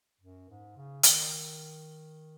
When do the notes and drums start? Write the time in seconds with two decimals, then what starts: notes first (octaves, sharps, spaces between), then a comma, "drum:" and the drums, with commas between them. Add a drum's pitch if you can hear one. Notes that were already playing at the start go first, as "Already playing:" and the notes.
0.21 F#2
0.49 G#2
0.76 C#3
1.03 D#3, drum: hi-hat